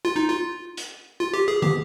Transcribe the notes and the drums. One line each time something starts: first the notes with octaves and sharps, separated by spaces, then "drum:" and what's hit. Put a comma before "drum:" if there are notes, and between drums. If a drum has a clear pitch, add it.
F4
D#4
F4
drum: hi-hat
F4
G4
G#4
G4, drum: tom